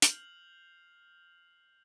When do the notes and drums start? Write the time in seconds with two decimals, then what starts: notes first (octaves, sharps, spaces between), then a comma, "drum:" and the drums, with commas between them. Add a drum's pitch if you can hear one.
0.02 F6 G6 C7 F7 F#7, drum: hi-hat